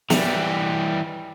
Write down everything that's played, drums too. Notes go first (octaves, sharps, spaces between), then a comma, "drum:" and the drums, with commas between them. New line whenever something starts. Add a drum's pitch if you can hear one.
E3 G3, drum: snare